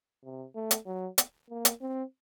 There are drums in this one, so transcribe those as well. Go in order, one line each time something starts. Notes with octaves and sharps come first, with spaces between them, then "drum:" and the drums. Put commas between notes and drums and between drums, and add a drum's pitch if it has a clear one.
C3
A3
drum: hi-hat
F#3
drum: hi-hat
A#3
drum: hi-hat
C4